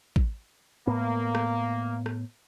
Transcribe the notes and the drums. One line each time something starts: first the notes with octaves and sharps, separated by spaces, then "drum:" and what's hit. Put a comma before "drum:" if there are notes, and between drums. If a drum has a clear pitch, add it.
drum: kick
A2 A#3 B3
drum: rim click
drum: rim click